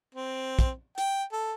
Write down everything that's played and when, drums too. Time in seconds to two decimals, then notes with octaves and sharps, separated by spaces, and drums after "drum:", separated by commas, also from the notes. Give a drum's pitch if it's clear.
0.15 C4
0.59 drum: kick, hi-hat
0.98 G5, drum: hi-hat
1.32 A4